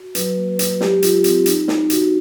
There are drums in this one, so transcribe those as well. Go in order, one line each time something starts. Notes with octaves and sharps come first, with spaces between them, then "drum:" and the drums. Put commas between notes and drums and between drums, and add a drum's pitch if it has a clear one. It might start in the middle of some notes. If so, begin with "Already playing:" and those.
Already playing: F#4
F#3 B4, drum: hi-hat
A#3
B4
F#3, drum: hi-hat
G#3 G4, drum: snare
F4, drum: hi-hat
C4, drum: hi-hat
D#4, drum: hi-hat
D#4, drum: snare
F#4, drum: hi-hat